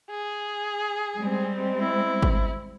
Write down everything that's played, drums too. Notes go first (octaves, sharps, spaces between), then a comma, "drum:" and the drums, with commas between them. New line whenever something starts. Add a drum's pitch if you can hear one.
G#4
G3 G#3 C4
E4
drum: kick G#1